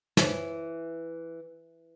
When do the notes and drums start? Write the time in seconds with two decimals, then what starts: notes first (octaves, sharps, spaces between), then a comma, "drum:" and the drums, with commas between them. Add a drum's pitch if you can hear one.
0.17 E3 C5 C#5, drum: snare